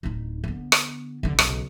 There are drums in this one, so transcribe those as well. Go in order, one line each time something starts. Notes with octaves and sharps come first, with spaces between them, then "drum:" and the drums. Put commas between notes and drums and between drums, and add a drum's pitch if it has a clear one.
D1 D#4
D3 B3
drum: rim click
D#2 D3
B1 C#3, drum: rim click